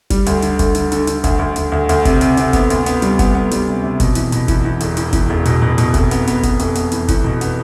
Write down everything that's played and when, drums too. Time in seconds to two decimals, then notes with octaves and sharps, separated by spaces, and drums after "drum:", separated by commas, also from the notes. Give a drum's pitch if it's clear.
0.10 G3, drum: kick F#1, hi-hat
0.26 D2, drum: hi-hat
0.42 D3, drum: hi-hat
0.59 D2, drum: kick F#1, hi-hat
0.75 D3, drum: hi-hat
0.92 D3, drum: hi-hat
1.07 D3, drum: hi-hat
1.24 D2, drum: kick F#1, hi-hat
1.39 D2
1.56 D2, drum: hi-hat
1.72 D2
1.89 D2, drum: hi-hat
2.05 C3, drum: kick F#1, hi-hat
2.21 C3, drum: hi-hat
2.37 C3, drum: hi-hat
2.53 B3, drum: kick F#1, hi-hat
2.70 D2, drum: hi-hat
2.86 B3, drum: hi-hat
3.02 G3, drum: hi-hat
3.19 B3, drum: kick F#1, hi-hat
3.35 B3
3.51 G3, drum: hi-hat
3.67 C3
3.84 C3
4.00 B2, drum: kick F#1, hi-hat
4.15 E2, drum: hi-hat
4.32 B2, drum: hi-hat
4.48 E2, drum: kick F#1, hi-hat
4.65 E2
4.80 E1, drum: hi-hat
4.97 E2, drum: hi-hat
5.13 E2, drum: kick F#1, hi-hat
5.30 E1
5.45 B2, drum: hi-hat
5.62 B2
5.78 B2, drum: hi-hat
5.94 F1, drum: kick F#1, hi-hat
6.11 B3, drum: hi-hat
6.27 B3, drum: hi-hat
6.43 B3, drum: kick F#1, hi-hat
6.59 F1, drum: hi-hat
6.75 B3, drum: hi-hat
6.92 E2, drum: hi-hat
7.08 E2, drum: kick F#1, hi-hat
7.24 B2
7.41 B3, drum: hi-hat